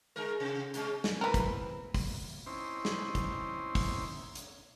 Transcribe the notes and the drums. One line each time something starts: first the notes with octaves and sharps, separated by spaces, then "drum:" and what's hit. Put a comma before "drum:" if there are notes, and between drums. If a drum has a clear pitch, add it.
D3 G#3 A#4
C3
B2 G#3 C#4, drum: hi-hat
drum: snare
E3 C4 A#4 B4
drum: kick, hi-hat
drum: kick, open hi-hat
C4 C#4 D#4 E4 C5
drum: snare
drum: kick, hi-hat
drum: kick, open hi-hat
drum: hi-hat